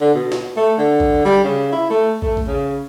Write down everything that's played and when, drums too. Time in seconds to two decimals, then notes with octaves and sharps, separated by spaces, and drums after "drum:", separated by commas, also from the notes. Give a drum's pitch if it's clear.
0.01 D3
0.14 B2
0.32 drum: snare
0.57 A3
0.78 D3
1.00 drum: kick
1.25 G3
1.44 C#3
1.73 E4
1.90 A3
2.22 A3, drum: kick
2.37 drum: kick
2.47 C#3